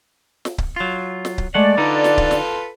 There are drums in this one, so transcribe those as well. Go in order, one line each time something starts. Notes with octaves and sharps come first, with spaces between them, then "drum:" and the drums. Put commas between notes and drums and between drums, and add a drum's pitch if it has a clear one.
drum: snare
drum: kick C#1
F#3 F4
drum: snare
drum: kick C#1
G#3 A3 D5 F#5
D3 D#4 F4 A4 B4
drum: snare
drum: kick C#1
drum: snare